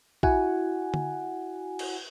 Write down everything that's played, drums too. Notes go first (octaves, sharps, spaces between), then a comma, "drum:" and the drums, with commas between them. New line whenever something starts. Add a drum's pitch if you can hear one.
E4 F#4 F#5 G#5, drum: kick A#1
drum: tom D3
drum: cymbal